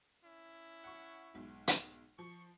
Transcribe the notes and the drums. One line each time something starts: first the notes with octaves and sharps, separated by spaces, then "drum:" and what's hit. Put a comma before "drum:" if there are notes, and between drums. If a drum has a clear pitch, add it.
C#4 E4
F#5 C#6
B1 G#2
drum: hi-hat
F3 C#6